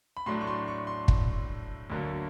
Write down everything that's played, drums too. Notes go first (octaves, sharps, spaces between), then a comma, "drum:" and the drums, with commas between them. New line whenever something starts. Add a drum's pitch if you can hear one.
B5
A2 F#3 A3 D4 C6
C#6
C6
C#6
C6
drum: kick
D2 D3 F#3 A#3